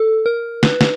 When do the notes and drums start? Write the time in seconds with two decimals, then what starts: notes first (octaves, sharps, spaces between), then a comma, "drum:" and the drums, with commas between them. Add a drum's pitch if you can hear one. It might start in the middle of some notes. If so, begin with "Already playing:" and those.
Already playing: A4
0.26 A#4
0.63 B4, drum: snare
0.81 drum: snare